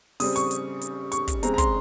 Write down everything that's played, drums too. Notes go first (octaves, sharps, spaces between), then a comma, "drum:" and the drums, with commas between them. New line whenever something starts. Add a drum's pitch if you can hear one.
C#3 G3 C4 D#6, drum: open hi-hat
C#6, drum: hi-hat
drum: hi-hat
drum: hi-hat
C#6, drum: hi-hat
drum: kick, hi-hat
C#3 G#3 C4 A#5, drum: hi-hat
A#5
C6, drum: kick, hi-hat